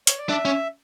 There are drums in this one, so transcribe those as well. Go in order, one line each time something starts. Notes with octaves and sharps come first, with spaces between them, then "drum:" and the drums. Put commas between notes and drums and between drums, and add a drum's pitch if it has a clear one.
C#5, drum: hi-hat
D5
D4 E5
C#4